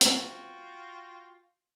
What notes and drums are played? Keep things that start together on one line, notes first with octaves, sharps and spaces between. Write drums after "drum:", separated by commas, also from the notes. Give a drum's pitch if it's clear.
F4 F#4 G5, drum: hi-hat